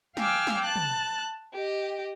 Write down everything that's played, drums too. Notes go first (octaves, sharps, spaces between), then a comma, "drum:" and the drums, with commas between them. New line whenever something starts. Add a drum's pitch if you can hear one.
F5 G5 G#5 D6 E6 F6, drum: snare
drum: snare
A5 F#6 A6
drum: tom
G4 D#5